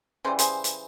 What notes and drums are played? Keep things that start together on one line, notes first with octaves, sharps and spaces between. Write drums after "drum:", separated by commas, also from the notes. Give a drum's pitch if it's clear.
C#3 E3 G3 C5
G#4 C5, drum: hi-hat
drum: hi-hat